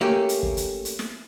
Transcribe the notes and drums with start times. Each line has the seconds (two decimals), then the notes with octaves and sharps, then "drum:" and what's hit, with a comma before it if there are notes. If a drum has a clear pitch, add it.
0.01 A3 A#3 C#4 G4
0.29 drum: hi-hat
0.43 drum: kick
0.57 drum: hi-hat
0.85 drum: hi-hat
0.99 drum: snare